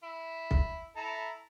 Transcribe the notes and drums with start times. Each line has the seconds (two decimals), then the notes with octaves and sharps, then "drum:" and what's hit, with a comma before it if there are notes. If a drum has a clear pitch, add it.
0.03 E4
0.51 drum: kick B1
0.96 E4 A4 A#5